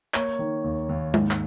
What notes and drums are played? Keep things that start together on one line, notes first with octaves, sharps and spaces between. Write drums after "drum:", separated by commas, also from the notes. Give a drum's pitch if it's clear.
A#3 C#5, drum: clap
D#3
D#2
D#2
G#2, drum: tom G#3
drum: clap